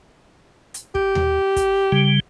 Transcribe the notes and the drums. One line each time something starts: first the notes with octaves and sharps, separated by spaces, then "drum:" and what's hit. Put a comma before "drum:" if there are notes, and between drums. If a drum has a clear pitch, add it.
drum: hi-hat
G4, drum: kick
drum: tom D#2
drum: kick, hi-hat
C#3 G3